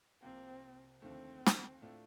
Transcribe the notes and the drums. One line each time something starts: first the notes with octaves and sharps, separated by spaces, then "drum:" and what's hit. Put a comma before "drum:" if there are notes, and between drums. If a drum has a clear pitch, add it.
C2 C3 F3 A#3 C4
D#2 D3 F3 A3 C4
drum: snare
A2 A3 D4 F4